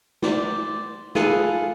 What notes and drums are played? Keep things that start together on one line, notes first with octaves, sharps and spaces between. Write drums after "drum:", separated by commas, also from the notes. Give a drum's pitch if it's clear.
C5 D5, drum: snare
F4 G#4 A4 B4, drum: snare